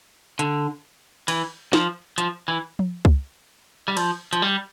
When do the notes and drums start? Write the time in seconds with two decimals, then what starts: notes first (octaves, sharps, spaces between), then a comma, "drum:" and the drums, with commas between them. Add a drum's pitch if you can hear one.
0.39 D3, drum: hi-hat
1.28 E3, drum: cymbal
1.73 F3, drum: snare
2.18 F3, drum: hi-hat
2.48 E3
2.79 drum: tom F3
3.05 drum: kick C#2
3.88 G3
3.97 F3, drum: cymbal
4.33 F3, drum: hi-hat
4.42 G3